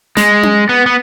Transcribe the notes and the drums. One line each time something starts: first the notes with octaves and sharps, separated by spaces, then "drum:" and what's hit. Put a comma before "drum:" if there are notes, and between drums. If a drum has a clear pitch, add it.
G#3, drum: snare
drum: tom C#4
B3
B3